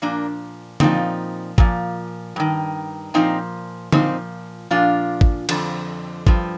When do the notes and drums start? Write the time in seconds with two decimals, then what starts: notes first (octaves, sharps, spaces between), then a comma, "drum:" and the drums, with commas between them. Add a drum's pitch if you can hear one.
0.02 A#2 F3 A#3 D4
0.80 A#2 F3 C4 D#4, drum: tom D3
1.58 A#2 F3, drum: kick G#1
2.36 G2 D#3
3.14 A#2 F3 C4 D#4
3.92 A#2 F3 C4 D#4, drum: tom D3
4.70 A#2 F3 D4 F4
5.21 drum: kick G#1
5.49 F2 D3 F3, drum: cymbal
6.27 G2 F3, drum: kick G#1